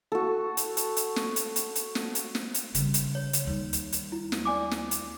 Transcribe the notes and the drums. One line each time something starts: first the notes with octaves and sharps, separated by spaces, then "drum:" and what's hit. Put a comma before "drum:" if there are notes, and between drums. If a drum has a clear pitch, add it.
F#4 A4
drum: hi-hat
drum: hi-hat
drum: hi-hat
drum: snare
drum: hi-hat
drum: hi-hat
drum: hi-hat
drum: snare
drum: hi-hat
drum: snare
drum: hi-hat
C#3 G3, drum: hi-hat
drum: hi-hat
C#5
drum: hi-hat
D#2 G3
drum: hi-hat
drum: hi-hat
E4
drum: snare
D5 G#5 D6
drum: snare
drum: hi-hat